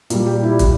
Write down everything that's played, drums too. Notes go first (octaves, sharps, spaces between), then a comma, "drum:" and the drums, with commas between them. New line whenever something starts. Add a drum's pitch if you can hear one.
A#2 G3, drum: hi-hat
G4
E4
drum: kick, hi-hat